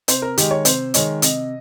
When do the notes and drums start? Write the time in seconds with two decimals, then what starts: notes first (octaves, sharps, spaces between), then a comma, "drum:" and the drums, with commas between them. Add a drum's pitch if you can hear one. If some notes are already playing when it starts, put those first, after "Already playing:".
0.08 C3 C5, drum: hi-hat
0.22 A#4
0.38 D#3 G#3 G4, drum: hi-hat
0.51 C#5
0.65 C3 C5, drum: hi-hat
0.94 D#3 G#3 C#5, drum: hi-hat
1.22 C3 D#5, drum: hi-hat